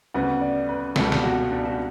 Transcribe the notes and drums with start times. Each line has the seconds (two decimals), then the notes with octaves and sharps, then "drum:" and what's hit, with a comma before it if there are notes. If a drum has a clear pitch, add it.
0.14 D2 C#3 G3 B3 F#5
0.41 D5
0.69 B4
0.96 C#2 B2 G3 A4, drum: snare
1.12 G4, drum: snare
1.24 F#4
1.51 D4
1.66 F#4